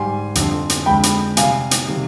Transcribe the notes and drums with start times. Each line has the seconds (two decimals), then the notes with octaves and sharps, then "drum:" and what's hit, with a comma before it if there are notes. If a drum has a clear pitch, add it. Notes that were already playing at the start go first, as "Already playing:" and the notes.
Already playing: G#2 G3 G#5 C6
0.35 F2 D3 G3, drum: hi-hat
0.69 drum: hi-hat
0.86 F2 D3 G#3 G5 B5
1.03 drum: hi-hat
1.37 C3 G3 F5 G#5, drum: hi-hat
1.71 drum: hi-hat
1.88 C3 D#3 G3